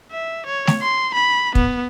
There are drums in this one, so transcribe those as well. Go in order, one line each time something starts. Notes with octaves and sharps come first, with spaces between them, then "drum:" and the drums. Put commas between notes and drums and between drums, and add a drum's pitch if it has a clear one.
E5
C#5
drum: snare A3
C6
B5
B3, drum: kick